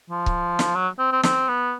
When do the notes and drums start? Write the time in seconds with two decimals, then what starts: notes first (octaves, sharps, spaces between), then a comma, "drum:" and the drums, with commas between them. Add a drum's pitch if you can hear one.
0.10 F3
0.26 drum: kick C#1
0.59 drum: snare
0.75 F#3
0.99 C4
1.12 C4
1.23 C4, drum: snare
1.49 B3